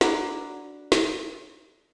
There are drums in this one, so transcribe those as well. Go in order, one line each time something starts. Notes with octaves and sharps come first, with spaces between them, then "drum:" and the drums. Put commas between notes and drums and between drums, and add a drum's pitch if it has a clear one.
D4 F#4 A#4 B5, drum: snare
drum: snare